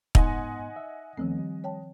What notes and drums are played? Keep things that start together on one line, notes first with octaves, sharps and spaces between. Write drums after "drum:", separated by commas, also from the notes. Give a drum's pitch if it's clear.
G#2 B3 D#4 D#5 F#5 G#5 C6, drum: kick
E5
D#2 D#3 F3 A3 B3 C4
G3
C#5 G5 A5